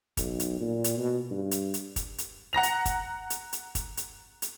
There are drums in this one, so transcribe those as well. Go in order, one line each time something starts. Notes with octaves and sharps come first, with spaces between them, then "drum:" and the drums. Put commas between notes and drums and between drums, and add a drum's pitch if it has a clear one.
B1, drum: kick, hi-hat
drum: hi-hat
A#2
drum: hi-hat
B2
G2
drum: hi-hat
drum: hi-hat
drum: kick, hi-hat
drum: hi-hat
F#5 A#5 A#6 F7
drum: hi-hat
drum: kick, hi-hat
drum: hi-hat
drum: hi-hat
drum: kick, hi-hat
drum: hi-hat
drum: hi-hat